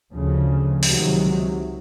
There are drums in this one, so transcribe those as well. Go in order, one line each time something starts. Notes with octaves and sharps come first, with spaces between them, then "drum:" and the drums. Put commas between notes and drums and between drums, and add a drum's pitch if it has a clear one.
D2 C#3 F3
C#2 C3 D#3 F#3, drum: open hi-hat